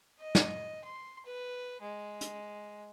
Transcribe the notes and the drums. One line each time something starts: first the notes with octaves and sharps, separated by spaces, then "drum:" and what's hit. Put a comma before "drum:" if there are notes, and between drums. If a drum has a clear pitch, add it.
D#5
drum: snare
C6
B4
G#3
drum: hi-hat